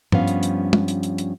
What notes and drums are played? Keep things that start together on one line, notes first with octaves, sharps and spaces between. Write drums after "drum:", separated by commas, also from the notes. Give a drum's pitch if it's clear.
G2 F3 B3 C#4 F5, drum: tom
drum: hi-hat
drum: hi-hat
drum: tom
drum: hi-hat
drum: hi-hat
drum: hi-hat